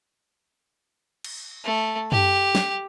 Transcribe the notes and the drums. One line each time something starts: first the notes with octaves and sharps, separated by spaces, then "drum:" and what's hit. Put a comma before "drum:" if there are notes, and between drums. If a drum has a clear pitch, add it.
drum: cymbal
A3
G4, drum: tom F#2
drum: snare